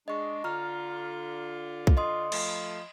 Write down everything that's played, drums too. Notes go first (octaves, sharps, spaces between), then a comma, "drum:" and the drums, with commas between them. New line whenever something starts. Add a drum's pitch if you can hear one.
G#3 D4 D#5 C#6
D3 F4 A#5 F6
drum: kick
D#5 C6 D#6
F3 A3, drum: cymbal